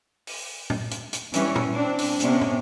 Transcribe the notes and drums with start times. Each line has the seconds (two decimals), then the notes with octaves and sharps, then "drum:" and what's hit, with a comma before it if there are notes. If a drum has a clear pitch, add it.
0.27 drum: open hi-hat
0.70 drum: tom
0.91 drum: hi-hat
1.13 drum: hi-hat
1.34 E3 G3 C#4, drum: hi-hat
1.56 drum: tom
1.72 C4 D4
1.98 drum: open hi-hat
2.20 C3 B3 C#4 D4, drum: hi-hat
2.41 drum: tom